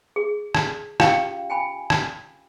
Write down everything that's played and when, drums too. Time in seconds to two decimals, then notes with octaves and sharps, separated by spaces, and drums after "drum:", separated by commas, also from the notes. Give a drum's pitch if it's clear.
0.16 G#4
0.55 drum: rim click
1.00 C#4 F4 G4 F5 G5, drum: rim click
1.50 G5 G#5 B5
1.90 drum: rim click